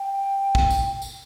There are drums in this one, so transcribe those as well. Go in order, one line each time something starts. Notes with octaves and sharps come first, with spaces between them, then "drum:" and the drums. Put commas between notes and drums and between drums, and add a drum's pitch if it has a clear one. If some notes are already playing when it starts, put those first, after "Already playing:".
Already playing: G5
drum: kick
drum: tambourine
drum: tambourine